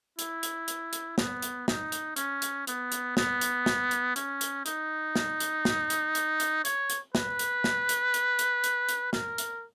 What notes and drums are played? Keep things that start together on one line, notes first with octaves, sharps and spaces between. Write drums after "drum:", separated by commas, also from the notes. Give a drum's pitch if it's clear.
E4, drum: hi-hat
drum: hi-hat
drum: hi-hat
drum: hi-hat
B3, drum: snare
drum: hi-hat
D#4, drum: snare
drum: hi-hat
C#4, drum: hi-hat
drum: hi-hat
B3, drum: hi-hat
drum: hi-hat
B3, drum: snare
drum: hi-hat
drum: snare
drum: hi-hat
C#4, drum: hi-hat
drum: hi-hat
D#4, drum: hi-hat
drum: snare
drum: hi-hat
drum: snare
drum: hi-hat
drum: hi-hat
drum: hi-hat
C#5, drum: hi-hat
drum: hi-hat
B4, drum: snare
drum: hi-hat
drum: snare
drum: hi-hat
drum: hi-hat
drum: hi-hat
drum: hi-hat
drum: hi-hat
A#4, drum: snare
drum: hi-hat